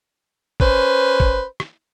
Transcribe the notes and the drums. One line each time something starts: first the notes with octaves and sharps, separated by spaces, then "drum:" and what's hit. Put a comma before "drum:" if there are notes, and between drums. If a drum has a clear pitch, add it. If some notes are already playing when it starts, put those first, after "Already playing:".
C#4 B4 C5, drum: kick
drum: kick
drum: rim click